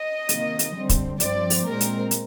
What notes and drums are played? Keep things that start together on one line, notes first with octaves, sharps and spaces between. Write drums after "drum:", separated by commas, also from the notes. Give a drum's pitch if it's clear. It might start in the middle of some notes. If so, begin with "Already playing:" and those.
Already playing: D#5
C3 D#3 A#3, drum: hi-hat
drum: hi-hat
D3 G3 C4
drum: kick, hi-hat
G2 F3 C4 D5, drum: hi-hat
drum: open hi-hat
A#2 G#3 C4 A#4
drum: hi-hat
drum: hi-hat